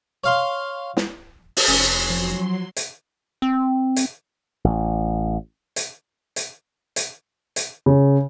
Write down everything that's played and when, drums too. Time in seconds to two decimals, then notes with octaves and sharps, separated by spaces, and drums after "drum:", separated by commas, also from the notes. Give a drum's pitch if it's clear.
0.24 C#5 F5 C6
0.97 drum: snare
1.57 drum: open hi-hat
1.68 F1 C#4 B5 C6 F#6
2.10 F3 F#3 C6
2.77 drum: hi-hat
3.42 C4
3.96 drum: hi-hat
4.64 A1
5.76 drum: hi-hat
6.36 drum: hi-hat
6.96 drum: hi-hat
7.56 drum: hi-hat
7.86 C#3